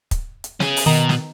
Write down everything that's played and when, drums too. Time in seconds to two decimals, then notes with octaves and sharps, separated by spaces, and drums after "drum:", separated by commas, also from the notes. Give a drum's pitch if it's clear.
0.11 drum: kick, hi-hat
0.44 drum: hi-hat
0.60 C#4 G#4, drum: snare
0.77 drum: open hi-hat
0.86 B2 D#3 A#5
1.09 drum: snare